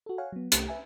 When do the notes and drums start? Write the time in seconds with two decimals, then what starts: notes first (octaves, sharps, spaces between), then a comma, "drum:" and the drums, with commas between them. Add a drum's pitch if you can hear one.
0.06 F#4 A4
0.18 C#5 F5 F#5 G#5
0.32 F#3 B3
0.52 C2 A3 G4, drum: hi-hat
0.68 B4 E5 G#5